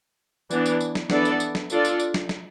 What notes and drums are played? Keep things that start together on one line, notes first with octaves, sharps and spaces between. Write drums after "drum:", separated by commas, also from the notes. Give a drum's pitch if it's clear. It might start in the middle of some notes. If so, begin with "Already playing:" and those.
E3 B3 D4, drum: tambourine
drum: tambourine
drum: tambourine
drum: snare
E3 B3 D4 A4 D5, drum: snare
drum: tambourine
drum: tambourine
drum: snare
D4 F4 A4 D5, drum: tambourine
drum: tambourine
drum: tambourine
drum: snare
drum: snare